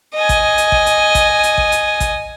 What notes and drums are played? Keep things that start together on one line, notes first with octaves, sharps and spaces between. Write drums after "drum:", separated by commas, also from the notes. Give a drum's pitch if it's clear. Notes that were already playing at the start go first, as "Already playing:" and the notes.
D#5 G#5
drum: kick, hi-hat
drum: hi-hat
drum: kick
drum: hi-hat
drum: kick, hi-hat
drum: hi-hat
drum: kick
drum: hi-hat
drum: kick, hi-hat